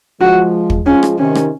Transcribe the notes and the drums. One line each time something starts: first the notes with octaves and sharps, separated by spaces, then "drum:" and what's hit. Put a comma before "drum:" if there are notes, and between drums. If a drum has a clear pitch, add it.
F3 G#3 F#4
drum: kick
F3 G#3 C#4
drum: rim click
C3 D#3 C#4
drum: rim click